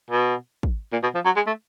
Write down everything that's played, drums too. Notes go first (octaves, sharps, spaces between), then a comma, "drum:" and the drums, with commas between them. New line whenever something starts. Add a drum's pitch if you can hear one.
B2
drum: kick
A#2
B2
F3
F#3
G#3
A3